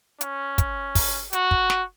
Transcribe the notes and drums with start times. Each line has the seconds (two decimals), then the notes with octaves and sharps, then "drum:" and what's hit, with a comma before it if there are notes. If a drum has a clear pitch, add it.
0.21 C#4, drum: hi-hat
0.58 drum: kick, hi-hat
0.95 drum: kick, open hi-hat
1.33 F#4, drum: hi-hat
1.51 drum: kick
1.70 drum: snare